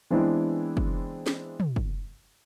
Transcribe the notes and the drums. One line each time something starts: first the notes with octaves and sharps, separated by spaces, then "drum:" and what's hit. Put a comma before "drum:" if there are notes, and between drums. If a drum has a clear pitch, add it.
E3 G#3 B3 C4 D4 E4
drum: kick
drum: snare
drum: tom
drum: kick